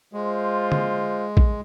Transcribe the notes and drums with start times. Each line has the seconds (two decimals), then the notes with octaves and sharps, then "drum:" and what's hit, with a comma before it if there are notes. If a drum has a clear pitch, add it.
0.13 G#3 F4 C5
0.72 drum: tom
1.37 drum: kick